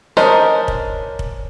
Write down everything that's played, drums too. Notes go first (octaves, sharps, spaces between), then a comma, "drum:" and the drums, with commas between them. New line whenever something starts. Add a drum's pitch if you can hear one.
C#4 D4 A#4 C5 D#5, drum: snare
drum: kick
drum: kick